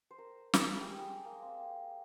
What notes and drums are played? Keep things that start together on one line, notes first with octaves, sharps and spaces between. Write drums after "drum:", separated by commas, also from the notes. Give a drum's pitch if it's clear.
C5
A#4
A#4, drum: snare
G#4
G4
G#4
A#3
C4